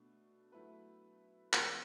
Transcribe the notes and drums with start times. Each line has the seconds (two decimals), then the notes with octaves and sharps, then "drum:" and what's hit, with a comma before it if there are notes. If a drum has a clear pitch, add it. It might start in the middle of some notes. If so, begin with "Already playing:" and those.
Already playing: B2 A3 D4
0.52 F#3 A3 E4 B4
1.53 F#2 E3 G#3 B3, drum: clap